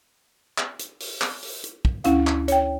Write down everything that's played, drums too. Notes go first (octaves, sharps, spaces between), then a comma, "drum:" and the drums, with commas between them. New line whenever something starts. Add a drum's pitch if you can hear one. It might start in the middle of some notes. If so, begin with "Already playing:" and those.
drum: clap
drum: hi-hat
drum: open hi-hat
drum: clap
drum: open hi-hat
drum: hi-hat
drum: kick
D2 C#4 E4 F5, drum: hi-hat
drum: clap
C#5 G5, drum: hi-hat